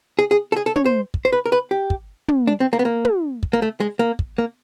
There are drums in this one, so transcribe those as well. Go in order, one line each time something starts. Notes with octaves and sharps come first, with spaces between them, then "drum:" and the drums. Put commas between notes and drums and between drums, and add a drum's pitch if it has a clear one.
G#4
G#4
A4
G#4
A4
C#5, drum: tom
C5
drum: kick
C5
B4
A#4
B4
G4
drum: kick
drum: tom
D4
C4
A#3
B3
A#3
drum: tom
drum: kick
A#3
A3
G#3
A#3
drum: kick
A#3